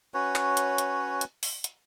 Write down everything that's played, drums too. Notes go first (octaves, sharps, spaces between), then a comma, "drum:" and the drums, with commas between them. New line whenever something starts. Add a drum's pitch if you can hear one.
C#4 F#4 B4 C#5
drum: clap
drum: hi-hat
drum: hi-hat
drum: hi-hat
drum: open hi-hat
drum: hi-hat